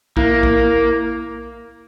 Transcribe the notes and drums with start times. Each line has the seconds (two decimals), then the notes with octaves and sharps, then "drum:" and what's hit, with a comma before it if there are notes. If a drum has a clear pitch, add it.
0.17 A#3 E4, drum: kick A#1
0.43 drum: kick A#1